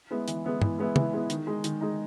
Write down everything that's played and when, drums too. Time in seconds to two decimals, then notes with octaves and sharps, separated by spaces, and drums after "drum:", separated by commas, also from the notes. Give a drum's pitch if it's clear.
0.11 G#3 B3 E4
0.28 E3, drum: hi-hat
0.45 G#3 B3 E4
0.62 E3, drum: tom
0.79 G#3 B3 E4
0.96 E3, drum: tom
1.13 G#3 B3 E4
1.30 D#3, drum: hi-hat
1.47 G#3 D#4
1.64 D#3, drum: hi-hat
1.81 G#3 D#4